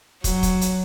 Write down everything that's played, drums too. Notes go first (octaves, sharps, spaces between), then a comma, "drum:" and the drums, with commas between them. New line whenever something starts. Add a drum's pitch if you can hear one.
F#3, drum: kick, hi-hat
drum: kick, hi-hat
drum: hi-hat